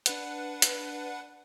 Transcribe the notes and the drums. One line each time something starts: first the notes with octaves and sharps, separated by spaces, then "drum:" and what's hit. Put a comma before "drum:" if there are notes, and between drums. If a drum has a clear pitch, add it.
D4 B4 F#5, drum: hi-hat
drum: hi-hat